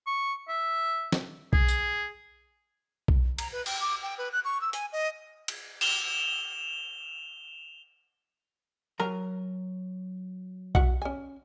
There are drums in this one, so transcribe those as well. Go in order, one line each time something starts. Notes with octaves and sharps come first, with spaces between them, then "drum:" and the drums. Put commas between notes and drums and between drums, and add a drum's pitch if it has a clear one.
C#6
E5
drum: snare
G#4, drum: kick B1
drum: tambourine
drum: kick B1
A#5, drum: cymbal
B4
G5, drum: cymbal
D6
G5
B4
F#6
C#6
E6
G#5, drum: hi-hat
D#5
drum: cymbal
E7 F7 G7, drum: cymbal
F#3 A#4 G#5 A#5
F#4 E5 F#5, drum: kick B1
C#4 G#5